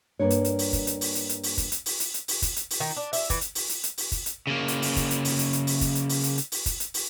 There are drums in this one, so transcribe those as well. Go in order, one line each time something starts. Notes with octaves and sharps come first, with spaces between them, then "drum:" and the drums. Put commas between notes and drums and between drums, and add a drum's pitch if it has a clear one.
G2 A#3 D4 C#5
drum: hi-hat
drum: hi-hat
drum: open hi-hat
drum: kick, hi-hat
drum: hi-hat
drum: open hi-hat
drum: hi-hat
drum: hi-hat
drum: open hi-hat
drum: kick, hi-hat
drum: hi-hat
drum: open hi-hat
drum: hi-hat
drum: hi-hat
drum: open hi-hat
drum: kick, hi-hat
drum: hi-hat
drum: open hi-hat
D#3
D4
E5, drum: open hi-hat
E3, drum: kick, hi-hat
drum: hi-hat
drum: open hi-hat
drum: hi-hat
drum: hi-hat
drum: open hi-hat
drum: kick, hi-hat
drum: hi-hat
C#3 A#3
drum: hi-hat
drum: open hi-hat
drum: kick, hi-hat
drum: hi-hat
drum: open hi-hat
drum: hi-hat
drum: hi-hat
drum: open hi-hat
drum: kick, hi-hat
drum: hi-hat
drum: open hi-hat
drum: hi-hat
drum: hi-hat
drum: open hi-hat
drum: kick, hi-hat
drum: hi-hat
drum: open hi-hat